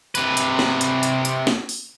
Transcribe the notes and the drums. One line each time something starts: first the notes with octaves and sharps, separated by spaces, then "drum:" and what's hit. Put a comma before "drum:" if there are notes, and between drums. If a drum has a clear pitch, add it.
C3 B4, drum: hi-hat
drum: hi-hat
drum: snare
drum: hi-hat
drum: hi-hat
drum: hi-hat
drum: snare
drum: open hi-hat